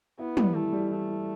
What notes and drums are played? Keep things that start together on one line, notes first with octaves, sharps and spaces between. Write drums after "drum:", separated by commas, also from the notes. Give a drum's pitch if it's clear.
B3 E4
G3, drum: tom
E3 A3
G3
E3 A3
E3